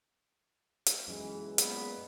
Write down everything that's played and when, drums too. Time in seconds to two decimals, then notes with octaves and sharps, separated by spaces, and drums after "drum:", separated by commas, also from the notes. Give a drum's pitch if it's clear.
0.86 drum: hi-hat
1.08 B1 F#2 E3 G#3
1.58 A#2 B3, drum: hi-hat